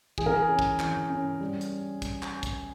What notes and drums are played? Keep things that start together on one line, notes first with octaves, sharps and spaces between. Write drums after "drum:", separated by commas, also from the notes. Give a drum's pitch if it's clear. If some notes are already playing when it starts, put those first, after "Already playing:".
E3 G#4, drum: kick
A#4
G#4
C#4
drum: kick
E3, drum: clap
C#4
G3
drum: hi-hat
drum: kick, hi-hat
drum: clap
drum: kick, hi-hat